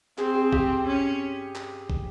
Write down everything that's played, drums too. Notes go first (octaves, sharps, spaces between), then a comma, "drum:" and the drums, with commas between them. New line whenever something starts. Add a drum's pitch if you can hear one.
C4 G#4, drum: clap
G#4
G4, drum: kick
C#4
drum: clap
drum: kick